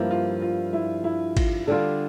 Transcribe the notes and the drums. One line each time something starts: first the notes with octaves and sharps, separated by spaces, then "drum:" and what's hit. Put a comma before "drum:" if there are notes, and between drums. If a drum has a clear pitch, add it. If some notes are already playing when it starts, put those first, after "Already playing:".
Already playing: G2 F3 A#3 E4
F4
F4
E4
E4
F4, drum: kick G#1, cymbal
D3 G3 D4 F4 A4